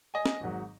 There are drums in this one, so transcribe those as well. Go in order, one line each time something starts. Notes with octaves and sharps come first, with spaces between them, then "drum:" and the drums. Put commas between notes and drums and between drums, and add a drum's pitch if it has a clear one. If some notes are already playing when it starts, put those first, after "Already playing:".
D#5 G#5
drum: snare
G#1 G#2 F#3